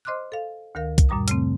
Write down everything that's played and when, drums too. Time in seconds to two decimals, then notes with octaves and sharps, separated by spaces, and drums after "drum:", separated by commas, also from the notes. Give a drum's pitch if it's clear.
0.05 C5 D#5 C6 D6 F6 F#6
0.32 A4 F5
0.75 D2 D#3 A#4 F5
0.98 drum: kick B1, hi-hat
1.09 F#2 A#2 G3 A#5 D#6
1.28 C#3 A3 C4, drum: hi-hat